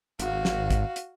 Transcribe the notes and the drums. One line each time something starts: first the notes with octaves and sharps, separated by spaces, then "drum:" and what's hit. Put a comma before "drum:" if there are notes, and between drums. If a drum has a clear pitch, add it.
G#1 F#4 F5, drum: hi-hat
drum: snare
drum: kick, hi-hat
drum: hi-hat